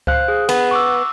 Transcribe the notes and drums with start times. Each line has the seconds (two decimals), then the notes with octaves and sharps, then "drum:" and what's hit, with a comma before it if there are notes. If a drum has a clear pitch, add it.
0.07 C5 F5 F#6, drum: kick C#2
0.28 G#4
0.49 B3, drum: cymbal
0.71 C#6 D6 E6